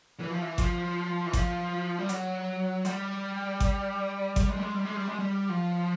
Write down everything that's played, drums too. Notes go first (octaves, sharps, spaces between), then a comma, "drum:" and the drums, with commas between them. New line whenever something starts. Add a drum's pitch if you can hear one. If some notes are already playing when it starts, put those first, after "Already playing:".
E3
F3
E3
F3, drum: kick G#1, hi-hat
E3
F3, drum: kick G#1, hi-hat
G3
F#3, drum: hi-hat
G3, drum: hi-hat
drum: kick G#1, hi-hat
G3, drum: kick G#1, hi-hat
G#3
G3
G#3
G3
G#3
G3
G#3
G3
F3